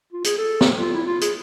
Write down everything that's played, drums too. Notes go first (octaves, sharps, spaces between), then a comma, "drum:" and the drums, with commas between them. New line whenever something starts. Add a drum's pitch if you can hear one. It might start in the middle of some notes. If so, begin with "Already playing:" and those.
F4
G#4, drum: hi-hat
A4
drum: snare
F4
E4
F4
G#4, drum: hi-hat